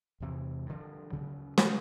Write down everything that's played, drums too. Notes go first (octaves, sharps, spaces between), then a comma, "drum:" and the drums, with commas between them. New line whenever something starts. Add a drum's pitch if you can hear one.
E2 C3 E3
G2 D3 F3
D2 C#3 F#3 B3
C#3 F3, drum: snare